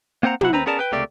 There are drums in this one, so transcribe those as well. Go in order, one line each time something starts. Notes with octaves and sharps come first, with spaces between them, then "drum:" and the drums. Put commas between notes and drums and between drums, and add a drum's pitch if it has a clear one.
A#3 C4 C5 F#5 A#5
C3 F#3 E4 F#5, drum: tom
D#2 C4 B4 A#5
B3 C#4 G#4 A#4 D5 A5
B4 G5
C#2 C3 A3 A#3 G4 D5